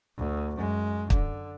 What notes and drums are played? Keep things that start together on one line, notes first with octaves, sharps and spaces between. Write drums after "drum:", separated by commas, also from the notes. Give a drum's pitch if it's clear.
D2
F#2 G#3
D3, drum: kick